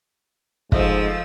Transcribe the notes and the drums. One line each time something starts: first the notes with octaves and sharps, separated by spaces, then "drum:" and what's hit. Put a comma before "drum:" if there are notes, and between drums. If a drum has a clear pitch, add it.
G#2 F3 A3 D#5 E6, drum: kick